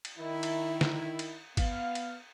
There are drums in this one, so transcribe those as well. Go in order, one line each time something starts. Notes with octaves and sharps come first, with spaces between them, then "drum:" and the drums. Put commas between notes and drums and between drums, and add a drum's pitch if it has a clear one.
drum: cymbal
D#3 E4
drum: cymbal
drum: snare
drum: cymbal
B3 F5, drum: kick G#1, cymbal
drum: cymbal